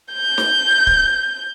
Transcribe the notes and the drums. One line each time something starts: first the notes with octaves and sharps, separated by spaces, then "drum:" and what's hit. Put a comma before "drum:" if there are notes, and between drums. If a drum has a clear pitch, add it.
G6
drum: snare
drum: kick D1